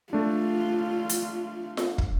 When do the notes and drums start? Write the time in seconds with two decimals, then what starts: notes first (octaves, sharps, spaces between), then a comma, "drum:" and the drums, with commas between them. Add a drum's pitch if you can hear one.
0.13 A3 D4 F4
1.09 drum: hi-hat
1.77 drum: snare F4
1.98 drum: kick